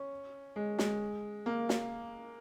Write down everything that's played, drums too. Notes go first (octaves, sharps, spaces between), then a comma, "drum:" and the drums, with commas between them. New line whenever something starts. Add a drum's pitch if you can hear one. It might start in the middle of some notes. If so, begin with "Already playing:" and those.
Already playing: C#4
G#3
G#3, drum: snare
A#3
drum: snare